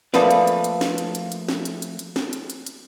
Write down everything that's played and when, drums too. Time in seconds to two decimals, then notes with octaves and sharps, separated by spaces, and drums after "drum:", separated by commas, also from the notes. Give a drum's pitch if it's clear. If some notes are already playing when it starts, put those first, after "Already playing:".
0.14 F3 A3 A#3 B4 D5, drum: snare
0.31 drum: hi-hat
0.47 drum: hi-hat
0.64 drum: hi-hat
0.81 drum: snare
0.98 drum: hi-hat
1.15 drum: hi-hat
1.32 drum: hi-hat
1.49 drum: snare
1.65 drum: hi-hat
1.82 drum: hi-hat
1.99 drum: hi-hat
2.16 drum: snare
2.33 drum: hi-hat
2.50 drum: hi-hat
2.66 drum: hi-hat